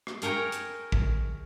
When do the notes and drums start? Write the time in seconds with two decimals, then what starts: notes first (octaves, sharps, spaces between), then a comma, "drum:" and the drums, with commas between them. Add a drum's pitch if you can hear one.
0.07 drum: rim click
0.22 G#4 A#4 C#5 G5, drum: hi-hat
0.52 drum: hi-hat
0.92 drum: kick